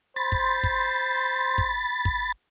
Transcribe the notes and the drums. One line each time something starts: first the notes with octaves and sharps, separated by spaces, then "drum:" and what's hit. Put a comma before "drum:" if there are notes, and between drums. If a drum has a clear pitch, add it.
C5 B5 C6 A6
drum: kick
drum: kick
drum: kick
drum: kick